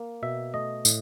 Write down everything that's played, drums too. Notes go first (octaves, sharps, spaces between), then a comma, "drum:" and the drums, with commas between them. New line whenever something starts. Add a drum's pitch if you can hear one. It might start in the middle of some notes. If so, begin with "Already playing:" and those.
Already playing: A#3
B2 E5
A3 D#5
A2, drum: tambourine